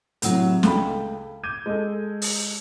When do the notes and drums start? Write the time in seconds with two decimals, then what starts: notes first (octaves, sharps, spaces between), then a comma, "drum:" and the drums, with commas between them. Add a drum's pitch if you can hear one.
0.22 A2 C3 F#3, drum: hi-hat
0.63 C#2 A3 G5 B5, drum: snare
1.43 D6 G6 G#6 D#7
1.66 G#3 A4
2.22 drum: open hi-hat